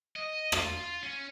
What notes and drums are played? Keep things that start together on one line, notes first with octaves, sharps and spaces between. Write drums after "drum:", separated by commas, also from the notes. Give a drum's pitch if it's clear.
D#5
F4, drum: rim click
F4
C#4